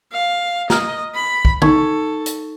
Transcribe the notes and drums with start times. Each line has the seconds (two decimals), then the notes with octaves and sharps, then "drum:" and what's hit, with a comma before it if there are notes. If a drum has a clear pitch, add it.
0.12 F5
0.70 D#5 A#5 F6, drum: snare
1.15 B5
1.45 drum: kick B1
1.62 D#4 A4 C#6 G#6, drum: tom
2.26 drum: hi-hat